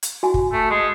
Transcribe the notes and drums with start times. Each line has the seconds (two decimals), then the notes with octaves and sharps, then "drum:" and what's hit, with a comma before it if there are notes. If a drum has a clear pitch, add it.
0.03 drum: hi-hat
0.23 F#4 G#5
0.34 drum: kick
0.52 A3
0.70 G#3